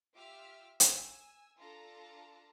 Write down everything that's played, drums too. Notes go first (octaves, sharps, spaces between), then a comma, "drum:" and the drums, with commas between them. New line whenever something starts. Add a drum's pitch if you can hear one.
F4 G4 E5 D6 E6 F6
G#5 E6, drum: hi-hat
D4 F4 A4 A5 A#5